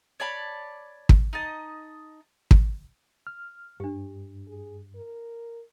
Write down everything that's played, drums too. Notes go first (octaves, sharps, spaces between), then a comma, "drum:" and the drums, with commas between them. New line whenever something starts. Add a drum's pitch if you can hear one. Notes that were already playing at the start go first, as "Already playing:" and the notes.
C#5 D5 A5 B5
drum: kick
D#4 D#5 A5
drum: kick
F6
G2 D4 G4
G#4
A#4